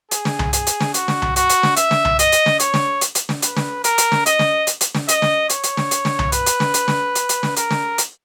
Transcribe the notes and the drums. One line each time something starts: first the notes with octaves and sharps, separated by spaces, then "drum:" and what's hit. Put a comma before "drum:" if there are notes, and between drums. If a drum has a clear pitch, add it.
G#4, drum: hi-hat
drum: snare
drum: tom C2
G#4, drum: hi-hat
drum: hi-hat
drum: snare
F#4, drum: hi-hat
drum: snare
drum: tom C2
F#4, drum: hi-hat
drum: hi-hat
drum: snare
E5, drum: hi-hat
drum: snare
drum: tom C2
D#5, drum: hi-hat
drum: hi-hat
drum: snare
C#5, drum: hi-hat
drum: snare
drum: hi-hat
drum: hi-hat
drum: snare
B4, drum: hi-hat
drum: snare
A#4, drum: hi-hat
drum: hi-hat
drum: snare
D#5, drum: hi-hat
drum: snare
drum: hi-hat
drum: hi-hat
drum: snare
D#5, drum: hi-hat
drum: snare
C#5, drum: hi-hat
drum: hi-hat
drum: snare
drum: hi-hat
drum: snare
drum: tom C2
B4, drum: hi-hat
drum: hi-hat
drum: snare
drum: hi-hat
drum: snare
drum: hi-hat
drum: hi-hat
drum: snare
A#4, drum: hi-hat
drum: snare
drum: hi-hat